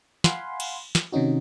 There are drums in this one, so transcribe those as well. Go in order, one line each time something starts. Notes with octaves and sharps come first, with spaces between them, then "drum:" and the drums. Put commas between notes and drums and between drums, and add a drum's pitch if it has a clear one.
F5 F#5 G#5 B5 C6, drum: snare
drum: cymbal
drum: snare
C3 D#3 C#4 D#4 F#4